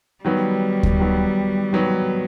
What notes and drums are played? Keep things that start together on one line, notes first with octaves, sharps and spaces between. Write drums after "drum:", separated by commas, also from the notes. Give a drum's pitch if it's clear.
D#3 F#3 G3 B3
drum: kick D2
D#3 F#3 B3
D#3 F#3 B3